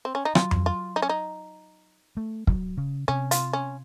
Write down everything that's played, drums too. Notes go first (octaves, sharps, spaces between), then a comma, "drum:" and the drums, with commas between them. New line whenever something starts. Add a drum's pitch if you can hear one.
C4
C#4
D#4
F#3 F4, drum: rim click
drum: tom F2
F4
D#4
C#4
D#4
A3
F#3, drum: kick
C#3
C3 C#4
F4, drum: hi-hat
C#4